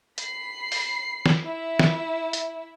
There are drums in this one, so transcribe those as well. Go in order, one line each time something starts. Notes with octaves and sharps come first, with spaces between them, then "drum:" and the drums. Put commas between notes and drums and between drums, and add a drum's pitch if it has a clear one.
B5 C7, drum: hi-hat
drum: open hi-hat
drum: snare
E4 E5
drum: snare
drum: hi-hat